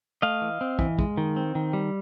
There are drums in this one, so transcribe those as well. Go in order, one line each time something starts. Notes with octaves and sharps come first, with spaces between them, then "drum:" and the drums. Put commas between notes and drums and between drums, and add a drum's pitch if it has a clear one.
A3 D#5 F5
E3
C4
E3, drum: kick
G#3, drum: kick
D#3
C4
D#3
G3